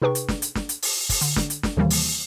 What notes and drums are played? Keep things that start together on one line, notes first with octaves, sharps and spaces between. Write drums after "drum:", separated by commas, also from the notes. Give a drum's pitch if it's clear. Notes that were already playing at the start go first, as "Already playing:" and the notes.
C3 D#4 G#4 B4 G5 C#6
drum: hi-hat
drum: snare
drum: hi-hat
drum: snare
drum: hi-hat
drum: open hi-hat
drum: kick, open hi-hat
D3, drum: hi-hat
drum: snare
drum: hi-hat
drum: snare
D#2 C3 D#3 E3 G3 A#3
drum: open hi-hat